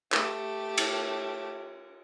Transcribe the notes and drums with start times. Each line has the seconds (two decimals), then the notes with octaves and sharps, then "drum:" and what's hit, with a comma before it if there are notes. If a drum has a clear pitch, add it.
0.12 A3 G4, drum: clap
0.78 drum: cymbal